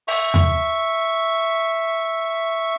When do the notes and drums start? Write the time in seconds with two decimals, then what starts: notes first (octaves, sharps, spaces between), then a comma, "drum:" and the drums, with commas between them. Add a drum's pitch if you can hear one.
0.08 E5 C#6, drum: open hi-hat
0.34 drum: tom E2